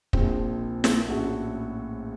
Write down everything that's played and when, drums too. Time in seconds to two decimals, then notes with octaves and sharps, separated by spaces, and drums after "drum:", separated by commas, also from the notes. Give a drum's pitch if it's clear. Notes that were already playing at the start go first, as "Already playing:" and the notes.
0.13 A#1 A#2 F3 C4, drum: kick
0.84 drum: snare
1.08 A#1 A2 A3 C#4 F#4